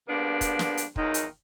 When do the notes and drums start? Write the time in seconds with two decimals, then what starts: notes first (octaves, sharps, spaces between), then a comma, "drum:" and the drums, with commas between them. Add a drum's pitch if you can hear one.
0.08 C#3 F3 G3 A#3 B3 D4
0.41 drum: kick, hi-hat
0.59 drum: snare
0.77 drum: hi-hat
0.96 E2 A#2 D#3 F#3 D#4, drum: kick
1.14 drum: hi-hat